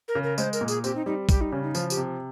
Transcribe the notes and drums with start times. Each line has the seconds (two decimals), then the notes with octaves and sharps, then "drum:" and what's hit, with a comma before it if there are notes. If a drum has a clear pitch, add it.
0.08 A#4
0.15 C#3
0.24 A#4
0.38 G#3 C5, drum: tambourine
0.53 A#4, drum: tambourine
0.61 A#2
0.68 G#4, drum: tambourine
0.84 C4 G4, drum: tambourine
0.95 D#4
1.06 G3 D#4
1.29 G3 G4, drum: kick B1, tambourine
1.41 D#4
1.52 C#3 C#4
1.63 D#4
1.75 F3 F4, drum: tambourine
1.90 G4, drum: tambourine
1.97 C3